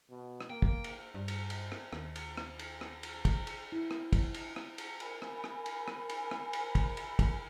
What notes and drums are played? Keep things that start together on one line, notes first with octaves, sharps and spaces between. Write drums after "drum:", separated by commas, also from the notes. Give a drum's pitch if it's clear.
B2
drum: rim click
A#3 G5
drum: kick
drum: cymbal
G2
drum: cymbal
drum: cymbal
drum: rim click
D#2, drum: rim click
drum: cymbal
drum: rim click
drum: cymbal
drum: rim click
drum: cymbal
drum: kick, cymbal
drum: cymbal
E4
drum: rim click
drum: kick, cymbal
drum: cymbal
drum: rim click
drum: cymbal
A#4 G#5 B5, drum: cymbal
drum: rim click
drum: rim click
drum: cymbal
drum: rim click
drum: cymbal
drum: rim click
drum: cymbal
drum: kick, cymbal
drum: cymbal
drum: kick, cymbal